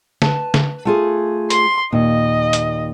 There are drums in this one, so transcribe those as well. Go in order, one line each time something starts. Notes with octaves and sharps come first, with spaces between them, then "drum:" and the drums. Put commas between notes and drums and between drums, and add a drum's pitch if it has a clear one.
B4 A5, drum: snare
drum: snare
A3 F4 G#4
C6, drum: hi-hat
D#2 A#2 D#5
drum: hi-hat